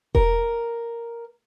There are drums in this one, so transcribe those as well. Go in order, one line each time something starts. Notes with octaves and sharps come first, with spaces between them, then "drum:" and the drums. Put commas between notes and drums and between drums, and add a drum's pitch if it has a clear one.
A#4, drum: kick E1